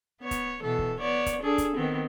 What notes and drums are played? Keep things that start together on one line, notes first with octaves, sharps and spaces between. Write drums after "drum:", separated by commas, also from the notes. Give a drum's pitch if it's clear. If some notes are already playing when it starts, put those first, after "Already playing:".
B3 C#5
drum: kick C#1, hi-hat
B2 E3 A4
drum: kick C#1
B3 C#5 D5
drum: kick C#1, hi-hat
D4 G#4 A4
drum: kick C#1, hi-hat
D#3 B3 C4